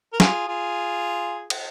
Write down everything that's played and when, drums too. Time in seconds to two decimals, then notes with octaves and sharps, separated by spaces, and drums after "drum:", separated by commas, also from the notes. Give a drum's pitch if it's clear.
0.13 A#4
0.20 F4 G#4, drum: snare
0.47 F4 G#4
1.50 drum: cymbal